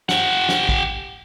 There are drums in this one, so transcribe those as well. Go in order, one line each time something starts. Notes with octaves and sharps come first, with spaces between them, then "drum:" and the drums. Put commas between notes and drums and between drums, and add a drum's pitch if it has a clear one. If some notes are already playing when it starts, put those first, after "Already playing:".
G4 F#5, drum: snare
drum: snare
drum: kick